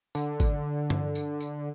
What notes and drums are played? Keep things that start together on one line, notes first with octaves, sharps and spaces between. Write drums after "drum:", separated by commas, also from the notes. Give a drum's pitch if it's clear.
D3, drum: tambourine
drum: kick G#1, tambourine
drum: tom G2
drum: tambourine
drum: tambourine